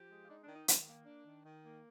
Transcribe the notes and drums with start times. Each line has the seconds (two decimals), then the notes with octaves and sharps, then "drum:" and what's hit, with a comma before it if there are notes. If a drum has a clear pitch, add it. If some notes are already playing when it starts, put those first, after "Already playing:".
Already playing: F3 G4
0.09 G#3
0.24 F4
0.29 D4 D#4
0.42 D4
0.48 D#3
0.54 D#4
0.68 D#3, drum: hi-hat
0.87 A#3
1.06 D4
1.26 D#3
1.45 D#3
1.64 A#3